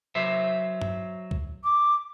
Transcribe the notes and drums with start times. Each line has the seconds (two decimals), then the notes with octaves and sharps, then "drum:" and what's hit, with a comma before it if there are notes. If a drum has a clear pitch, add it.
0.15 F#3 C5 E5
0.82 drum: tom G2
1.31 drum: kick C2
1.64 D6